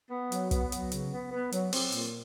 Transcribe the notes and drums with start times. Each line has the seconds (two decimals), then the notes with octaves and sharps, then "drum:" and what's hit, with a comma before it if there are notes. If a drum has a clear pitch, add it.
0.11 B3
0.32 F#3, drum: hi-hat
0.51 B3, drum: kick, hi-hat
0.72 F#3, drum: hi-hat
0.92 C#3, drum: hi-hat
1.12 B3
1.32 B3
1.52 F#3, drum: hi-hat
1.73 C4, drum: open hi-hat
1.92 A#2, drum: hi-hat